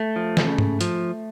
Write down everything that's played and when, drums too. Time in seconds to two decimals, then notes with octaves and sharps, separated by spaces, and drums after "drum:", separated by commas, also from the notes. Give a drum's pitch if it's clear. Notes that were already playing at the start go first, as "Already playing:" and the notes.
Already playing: A3
0.16 F3
0.37 drum: snare
0.47 C#3
0.58 drum: tom G#2
0.81 F3, drum: hi-hat